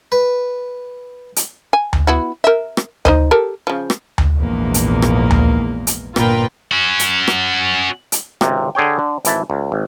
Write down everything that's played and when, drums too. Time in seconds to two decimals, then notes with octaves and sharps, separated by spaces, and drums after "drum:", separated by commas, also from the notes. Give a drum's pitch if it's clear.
0.12 B4
1.36 drum: hi-hat
1.73 G#5
1.93 drum: tom D2
2.07 B3 E4 F#4
2.44 A#4 E5
2.77 drum: rim click
3.05 D#4 C5 D#5, drum: tom D2
3.31 G4 A4 A#4
3.67 C#3 F3
3.90 drum: rim click
4.18 drum: tom D2
4.37 A#1 E2 G#2 A#3
4.74 drum: hi-hat
5.02 drum: rim click
5.31 drum: tom D2
5.87 drum: hi-hat
6.16 G1 A#2 F4 A#4 B4 G5, drum: rim click
6.71 C#4 F#4
6.99 drum: hi-hat
7.28 drum: rim click
8.12 drum: hi-hat
8.41 G#1 C#2 C3, drum: rim click
8.75 D3 G#4 C#5 G5
8.99 D3
9.25 G#1 E3 E4 A5, drum: hi-hat
9.50 C#2
9.72 G#1